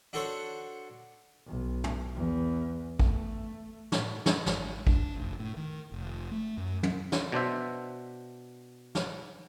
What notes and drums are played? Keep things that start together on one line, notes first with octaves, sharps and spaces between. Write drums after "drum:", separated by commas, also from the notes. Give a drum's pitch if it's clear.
D4 F#4 A4 C5 C#5
B1
drum: tom
E2
A3, drum: kick
A2, drum: snare
drum: snare
G#1, drum: snare
D4, drum: kick
F1
A2
D#3
F1
A3
F#2
drum: tom
drum: snare
B2 D4 C5 E5
drum: snare